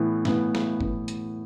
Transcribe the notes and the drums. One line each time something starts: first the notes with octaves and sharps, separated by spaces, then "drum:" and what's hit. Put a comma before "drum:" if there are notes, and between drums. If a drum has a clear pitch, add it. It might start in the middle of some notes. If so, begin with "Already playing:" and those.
Already playing: A2 E3 B3
A2 E3 B3, drum: snare
drum: snare
A2 E3 B3, drum: kick
drum: hi-hat